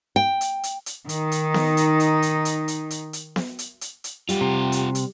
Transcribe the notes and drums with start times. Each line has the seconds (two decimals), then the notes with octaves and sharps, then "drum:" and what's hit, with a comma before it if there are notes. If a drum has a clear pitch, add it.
0.16 G5
0.41 drum: hi-hat
0.63 drum: hi-hat
0.86 drum: hi-hat
1.09 D#3 D#4, drum: hi-hat
1.32 drum: hi-hat
1.54 drum: snare B3
1.77 drum: hi-hat
2.00 drum: hi-hat
2.22 drum: hi-hat
2.45 drum: hi-hat
2.68 drum: hi-hat
2.90 drum: hi-hat
3.13 drum: hi-hat
3.36 drum: snare B3
3.59 drum: hi-hat
3.81 drum: hi-hat
4.04 drum: hi-hat
4.29 G3 F4 G4, drum: hi-hat
4.41 C3
4.72 drum: hi-hat
4.95 drum: hi-hat